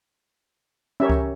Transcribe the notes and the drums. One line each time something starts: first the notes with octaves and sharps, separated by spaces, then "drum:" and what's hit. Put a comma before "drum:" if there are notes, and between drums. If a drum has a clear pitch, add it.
C#4 G4 A#4 C#5 E5
drum: kick C#2